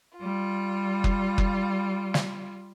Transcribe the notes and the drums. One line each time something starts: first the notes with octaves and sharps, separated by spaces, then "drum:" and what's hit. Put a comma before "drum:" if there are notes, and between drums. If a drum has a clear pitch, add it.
G3 F4
drum: kick F#1
drum: kick F#1
drum: snare